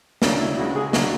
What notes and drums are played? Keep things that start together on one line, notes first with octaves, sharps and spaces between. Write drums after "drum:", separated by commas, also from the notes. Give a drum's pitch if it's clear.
C#2 C#3 F#3 D4, drum: snare
E4
C#2 C#3 G#3 F#4
G#4
D3 F#3 F#4, drum: snare